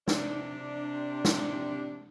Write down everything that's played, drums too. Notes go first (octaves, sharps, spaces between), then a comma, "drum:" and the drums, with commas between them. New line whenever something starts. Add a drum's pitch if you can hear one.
C3 D4, drum: snare
drum: snare